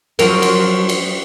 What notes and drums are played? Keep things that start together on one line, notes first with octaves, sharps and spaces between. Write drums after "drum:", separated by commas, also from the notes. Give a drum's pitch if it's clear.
F3 F#3 A#4, drum: cymbal
drum: cymbal
drum: cymbal